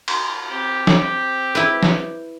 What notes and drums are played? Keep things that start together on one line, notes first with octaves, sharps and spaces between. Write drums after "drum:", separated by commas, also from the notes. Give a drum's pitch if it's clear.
drum: cymbal
C4 G4
drum: snare
E4 B4
drum: snare